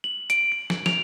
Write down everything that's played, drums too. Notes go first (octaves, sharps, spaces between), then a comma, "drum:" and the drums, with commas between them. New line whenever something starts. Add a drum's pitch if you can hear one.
F#7
D7, drum: hi-hat
D7
drum: snare
F7, drum: snare